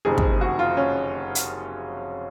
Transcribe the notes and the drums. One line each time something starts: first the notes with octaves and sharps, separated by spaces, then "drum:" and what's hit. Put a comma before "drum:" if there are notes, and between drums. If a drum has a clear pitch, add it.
F#1 F2 C3 D#3 G#4
drum: kick
F#4
F4
C#4
drum: hi-hat